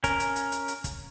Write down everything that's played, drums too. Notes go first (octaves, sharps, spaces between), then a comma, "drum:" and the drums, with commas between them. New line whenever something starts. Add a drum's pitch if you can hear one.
C#4 A#4, drum: kick, hi-hat
drum: hi-hat
drum: hi-hat
drum: hi-hat
drum: hi-hat
drum: kick, hi-hat